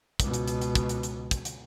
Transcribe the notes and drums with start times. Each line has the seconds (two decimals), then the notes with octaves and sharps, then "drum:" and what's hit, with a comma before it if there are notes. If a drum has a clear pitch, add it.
0.20 C#2 B2, drum: kick, hi-hat
0.34 drum: hi-hat
0.48 drum: hi-hat
0.61 drum: hi-hat
0.75 drum: kick, hi-hat
0.89 drum: hi-hat
1.03 drum: hi-hat
1.31 drum: kick, hi-hat
1.45 drum: hi-hat